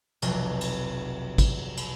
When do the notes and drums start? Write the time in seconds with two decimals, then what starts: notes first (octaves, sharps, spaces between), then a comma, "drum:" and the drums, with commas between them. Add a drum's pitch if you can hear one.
0.22 F1 B1, drum: cymbal
0.61 drum: cymbal
1.38 drum: kick G#1, cymbal
1.77 drum: cymbal